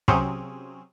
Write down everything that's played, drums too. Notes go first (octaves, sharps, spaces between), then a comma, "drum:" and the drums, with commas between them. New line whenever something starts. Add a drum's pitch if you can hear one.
C3 F#3 C4 C#4 G#4, drum: kick